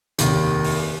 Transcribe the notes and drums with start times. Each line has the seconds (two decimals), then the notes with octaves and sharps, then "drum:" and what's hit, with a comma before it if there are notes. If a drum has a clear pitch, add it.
0.19 F1 D#2 D#3, drum: hi-hat
0.64 drum: open hi-hat